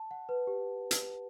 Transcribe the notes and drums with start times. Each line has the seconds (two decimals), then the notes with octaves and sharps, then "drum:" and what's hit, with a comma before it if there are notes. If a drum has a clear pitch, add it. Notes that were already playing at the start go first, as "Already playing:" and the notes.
Already playing: A5
0.11 F#5
0.29 B4
0.47 G4
0.91 drum: hi-hat